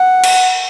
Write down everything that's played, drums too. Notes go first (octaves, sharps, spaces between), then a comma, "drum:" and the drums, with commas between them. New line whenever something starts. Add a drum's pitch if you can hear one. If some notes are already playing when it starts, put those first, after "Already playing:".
Already playing: F#5
drum: cymbal